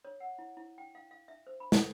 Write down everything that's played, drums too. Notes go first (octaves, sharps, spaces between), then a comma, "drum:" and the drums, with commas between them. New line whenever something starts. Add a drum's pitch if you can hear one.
C#5
F#5
E4
E4
G5
F5
F5
E5
C5
B5
A4, drum: snare